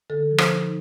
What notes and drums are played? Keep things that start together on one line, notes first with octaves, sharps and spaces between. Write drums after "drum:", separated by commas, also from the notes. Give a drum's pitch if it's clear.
D3 A4
F3
C5, drum: rim click
D#4